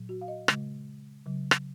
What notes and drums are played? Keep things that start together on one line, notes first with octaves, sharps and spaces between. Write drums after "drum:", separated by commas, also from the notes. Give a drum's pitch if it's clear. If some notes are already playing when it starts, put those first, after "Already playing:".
Already playing: A#2 F#3
F#4
F5
D#5
C#3 G#3, drum: rim click
C#3 F#3
drum: rim click